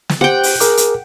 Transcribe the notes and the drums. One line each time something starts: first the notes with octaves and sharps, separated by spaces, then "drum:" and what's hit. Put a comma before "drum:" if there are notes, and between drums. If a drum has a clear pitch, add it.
drum: snare
G4 C5 F#5 G5
drum: open hi-hat
G#4 A#4 D6, drum: hi-hat
drum: hi-hat